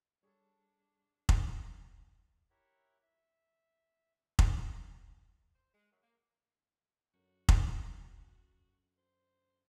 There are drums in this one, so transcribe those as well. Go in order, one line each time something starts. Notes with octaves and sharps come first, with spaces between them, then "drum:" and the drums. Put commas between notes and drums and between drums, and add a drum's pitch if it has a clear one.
G3 D4 G#4 A4 C#5
drum: kick F1
E4 G4 A#4 C#5 E5 F#5
E5
drum: kick F1
C5
G#3
F#2
A#3
F#2 D3 F#4
drum: kick F1
C5